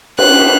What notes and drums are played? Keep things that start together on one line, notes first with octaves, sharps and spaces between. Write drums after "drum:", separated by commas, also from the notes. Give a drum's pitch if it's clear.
F#6, drum: cymbal